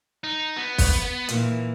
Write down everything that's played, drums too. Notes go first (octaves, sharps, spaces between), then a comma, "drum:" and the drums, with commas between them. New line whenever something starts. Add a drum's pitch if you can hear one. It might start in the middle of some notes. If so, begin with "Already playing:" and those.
D#4
B3
drum: kick, open hi-hat
A#2 E3, drum: hi-hat